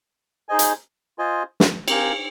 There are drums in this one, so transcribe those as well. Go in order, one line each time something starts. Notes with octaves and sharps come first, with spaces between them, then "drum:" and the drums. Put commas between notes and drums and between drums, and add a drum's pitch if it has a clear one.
D#4 G#4 C5 D#5 G#5
drum: hi-hat
F4 C5 D#5 G#5
drum: snare
C4 G4 A#4 F5 G#5, drum: cymbal